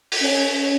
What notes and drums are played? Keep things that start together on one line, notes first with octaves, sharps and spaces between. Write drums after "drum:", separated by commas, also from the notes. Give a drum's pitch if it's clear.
drum: open hi-hat
C#4